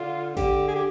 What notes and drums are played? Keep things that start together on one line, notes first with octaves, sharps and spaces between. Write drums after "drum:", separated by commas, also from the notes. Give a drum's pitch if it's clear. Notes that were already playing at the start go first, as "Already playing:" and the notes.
Already playing: D3 F4
D3 G4, drum: kick A1, hi-hat
G#4
G4